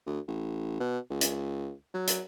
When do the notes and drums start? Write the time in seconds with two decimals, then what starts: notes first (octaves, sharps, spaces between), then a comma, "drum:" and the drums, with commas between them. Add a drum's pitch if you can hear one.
0.06 D2
0.28 A1
0.80 B2
1.10 C#2
1.21 drum: hi-hat
1.94 F#3
2.07 drum: hi-hat